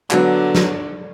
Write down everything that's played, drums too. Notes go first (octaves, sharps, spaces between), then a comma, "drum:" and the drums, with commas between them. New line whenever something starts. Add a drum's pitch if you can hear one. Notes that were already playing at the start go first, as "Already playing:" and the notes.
D3 F#3 B3 D4 F#4, drum: clap
drum: snare